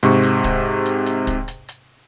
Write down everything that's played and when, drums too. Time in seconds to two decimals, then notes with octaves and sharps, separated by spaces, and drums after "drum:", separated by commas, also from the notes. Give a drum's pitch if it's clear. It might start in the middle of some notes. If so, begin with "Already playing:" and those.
0.03 G#2 C3 C#6, drum: hi-hat
0.23 drum: hi-hat
0.44 drum: kick, hi-hat
0.86 drum: hi-hat
1.06 drum: hi-hat
1.27 drum: kick, hi-hat
1.48 drum: hi-hat
1.69 drum: hi-hat